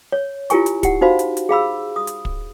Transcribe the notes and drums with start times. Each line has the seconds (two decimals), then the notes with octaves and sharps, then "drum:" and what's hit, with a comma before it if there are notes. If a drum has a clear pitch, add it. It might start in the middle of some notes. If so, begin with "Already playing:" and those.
0.12 C#5
0.50 E4 F4 G4 A#4 G#5 C#6, drum: hi-hat
0.66 drum: hi-hat
0.83 G4 F#5, drum: kick, hi-hat
1.01 D#4 F#4 C5 F5 B5
1.19 drum: hi-hat
1.37 drum: hi-hat
1.49 G#4 F5 B5 E6
1.96 D#6
2.07 drum: hi-hat
2.25 drum: kick